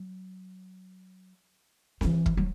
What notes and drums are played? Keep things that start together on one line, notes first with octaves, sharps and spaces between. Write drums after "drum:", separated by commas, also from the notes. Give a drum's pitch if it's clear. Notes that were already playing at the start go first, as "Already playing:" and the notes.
Already playing: F#3
F#3, drum: snare C4
E3
drum: kick
F#3